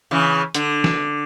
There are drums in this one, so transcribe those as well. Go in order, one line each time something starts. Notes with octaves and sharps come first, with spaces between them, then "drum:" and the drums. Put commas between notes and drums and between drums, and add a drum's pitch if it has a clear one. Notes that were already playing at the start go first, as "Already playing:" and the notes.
C#3 E3
D3, drum: hi-hat
drum: snare